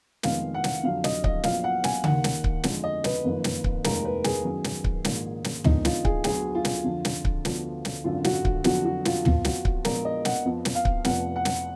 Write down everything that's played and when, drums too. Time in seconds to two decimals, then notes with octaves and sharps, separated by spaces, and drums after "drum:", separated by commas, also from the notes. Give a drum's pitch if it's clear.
0.23 F1 F2 D#3 G#3 B3 F5, drum: snare
0.54 F#5
0.64 drum: snare
0.83 F2 D3 F#3 F5
1.04 D#5, drum: snare
1.24 D#5, drum: kick C#1
1.43 A#1 A#2 F#3 B3 F5, drum: snare
1.64 F#5
1.84 G#5, drum: snare
2.04 D#2 D#3 A#3 F#5, drum: tom C#3
2.24 drum: snare
2.44 drum: kick C#1
2.64 F2 D3 G#3, drum: snare
2.84 D#5
3.04 B4, drum: snare
3.24 F#1 F2 D#3 A#3
3.44 drum: snare
3.64 drum: kick C#1
3.84 F1 D#2 D#3 G#3 A#4, drum: snare
4.05 B4
4.24 G#4, drum: snare
4.45 F#2 D#3 F#3 B3
4.64 drum: snare
4.84 drum: kick C#1
5.05 A#1 G#2 D#3 A#3, drum: snare
5.44 drum: snare
5.64 F2 D3 G#3 B3 D#4, drum: tom
5.85 F4, drum: snare
6.05 G#4, drum: kick C#1
6.24 D2 D3 F#3 B3 G#4, drum: snare
6.55 F4
6.65 drum: snare
6.84 F2 D3 F3
7.05 drum: snare
7.25 drum: kick C#1
7.45 D2 D3 F3 B3, drum: snare
7.85 drum: snare
8.04 G#1 F#2 D3 F4
8.24 F#4, drum: snare
8.45 drum: kick C#1
8.64 F2 D3 F#3 B3 F#4, drum: snare
8.85 F#4
9.05 F4, drum: snare
9.25 F2 F3 B3 F4, drum: tom
9.45 F#4, drum: snare
9.65 drum: kick C#1
9.85 A#1 A#2 G#3 B3 A#4, drum: snare
10.05 D#5
10.25 F#5, drum: snare
10.45 F2 F3 B3
10.65 drum: snare
10.75 F5
10.85 drum: kick C#1
11.05 F1 F2 F3 B3 F#5, drum: snare
11.36 F#5
11.45 drum: snare